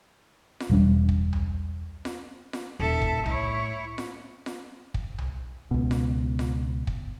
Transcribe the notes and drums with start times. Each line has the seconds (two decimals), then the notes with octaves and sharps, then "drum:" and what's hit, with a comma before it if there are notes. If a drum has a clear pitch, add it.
0.60 drum: snare F4
0.70 E1 G3 D4
1.09 drum: kick
1.33 drum: tom C2
2.05 drum: snare F4
2.53 drum: snare F4
2.80 D#1 A4 E5
3.01 drum: kick
3.26 A2 E4 C#5, drum: tom C2
3.98 drum: snare F4
4.46 drum: snare F4
4.94 drum: kick
5.18 drum: tom C2
5.71 C#2 B2
5.91 drum: snare F4
6.39 drum: snare F4
6.87 drum: kick